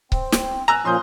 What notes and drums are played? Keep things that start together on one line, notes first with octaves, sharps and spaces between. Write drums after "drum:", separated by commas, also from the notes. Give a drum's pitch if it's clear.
C4, drum: kick C#1
drum: snare
G#5 A#5 E6 F#6
A#2 F3 C#4 C6 D#6 G6